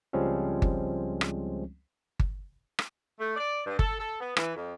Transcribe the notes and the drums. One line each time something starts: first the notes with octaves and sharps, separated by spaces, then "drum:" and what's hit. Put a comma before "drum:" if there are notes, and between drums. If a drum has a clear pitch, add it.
C#2 F3 G3 G#3 C4 C#4
drum: kick G1
drum: rim click
drum: kick G1
drum: rim click
A3
D5
G2
A4, drum: kick G1
A4
B3
E3, drum: rim click
F2